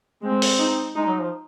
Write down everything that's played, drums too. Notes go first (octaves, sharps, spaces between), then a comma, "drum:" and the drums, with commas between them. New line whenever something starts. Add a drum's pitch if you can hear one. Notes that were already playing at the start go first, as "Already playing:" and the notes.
G#3 C4
drum: open hi-hat
D#4
G#3 D#4
F#3
F3